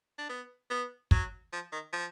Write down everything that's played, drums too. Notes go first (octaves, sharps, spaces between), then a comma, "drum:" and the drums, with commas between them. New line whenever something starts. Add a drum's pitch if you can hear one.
D4
B3
B3
F#3, drum: kick
F3
D#3
F3